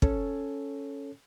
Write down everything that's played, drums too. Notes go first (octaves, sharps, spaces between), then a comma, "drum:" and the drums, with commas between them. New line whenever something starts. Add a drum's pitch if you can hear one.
C#4 A4 C#5, drum: kick